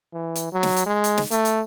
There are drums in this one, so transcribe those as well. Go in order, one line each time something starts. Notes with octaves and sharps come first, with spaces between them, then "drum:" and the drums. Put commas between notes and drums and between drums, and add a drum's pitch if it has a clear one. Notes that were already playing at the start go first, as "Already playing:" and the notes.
E3
drum: hi-hat
F#3
drum: snare
drum: hi-hat
G#3
drum: hi-hat
drum: snare
A3, drum: hi-hat
drum: hi-hat